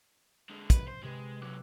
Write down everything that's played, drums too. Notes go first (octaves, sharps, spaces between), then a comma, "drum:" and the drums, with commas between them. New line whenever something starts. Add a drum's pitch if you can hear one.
D3 G#3
B4, drum: kick, hi-hat
C5
C3 G#3 B4
C#2 F#3 D6 E6 F#6